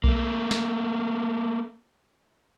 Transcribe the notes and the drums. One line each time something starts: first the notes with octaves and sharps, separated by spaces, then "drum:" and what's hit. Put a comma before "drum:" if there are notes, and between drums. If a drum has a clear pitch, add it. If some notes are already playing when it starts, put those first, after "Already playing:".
A3 A#3, drum: kick B1
drum: snare